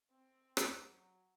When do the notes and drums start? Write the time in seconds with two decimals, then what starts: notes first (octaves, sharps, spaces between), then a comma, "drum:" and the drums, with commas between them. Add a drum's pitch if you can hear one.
0.11 C4
0.57 drum: rim click
0.80 F#3